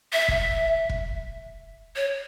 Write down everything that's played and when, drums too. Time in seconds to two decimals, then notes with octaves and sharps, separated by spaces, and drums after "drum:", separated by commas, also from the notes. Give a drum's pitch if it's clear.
0.13 E5
0.28 drum: kick
0.89 drum: kick
1.96 C#5